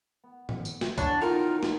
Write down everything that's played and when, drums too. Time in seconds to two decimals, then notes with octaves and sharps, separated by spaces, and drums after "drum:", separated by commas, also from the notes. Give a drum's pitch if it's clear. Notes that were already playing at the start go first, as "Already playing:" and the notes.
0.24 B3
0.49 drum: tom
0.65 drum: tambourine
0.81 drum: snare
0.98 E3 B3 D4 C#5, drum: kick C2, tambourine
1.22 F#2 B2 D#3 D#4 F4 A#4
1.63 drum: snare